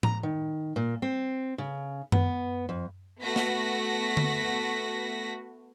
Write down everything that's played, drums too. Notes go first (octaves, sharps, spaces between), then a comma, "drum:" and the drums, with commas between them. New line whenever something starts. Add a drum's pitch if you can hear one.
A#5, drum: tom A2
D#3
A#2
C4
C#3
B3, drum: tom F#2
F2
A3 B3 F#4 A#6 B6
drum: snare
drum: tom D3